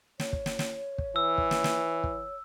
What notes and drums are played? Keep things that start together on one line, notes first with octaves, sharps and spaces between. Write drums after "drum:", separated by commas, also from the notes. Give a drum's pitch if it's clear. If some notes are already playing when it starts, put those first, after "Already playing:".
C#5, drum: snare
drum: kick
drum: snare
drum: snare
drum: kick
E3 E6
drum: kick
drum: snare
drum: snare
drum: kick